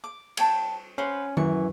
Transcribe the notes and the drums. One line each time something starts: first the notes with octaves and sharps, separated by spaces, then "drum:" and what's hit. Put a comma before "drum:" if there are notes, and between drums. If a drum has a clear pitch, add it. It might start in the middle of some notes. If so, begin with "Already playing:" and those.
D6
C#5 G5 A5, drum: cymbal
C#4 B4 C5 F#5
F#2 E3 C#6, drum: tom D#3